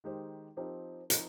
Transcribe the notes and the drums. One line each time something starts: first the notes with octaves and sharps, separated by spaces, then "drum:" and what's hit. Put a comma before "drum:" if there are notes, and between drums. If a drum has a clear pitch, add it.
D#3 G#3 D#4 G4 C5
F3 C4 D#4 G4 A#4
F3 C4 D#4 A#4, drum: hi-hat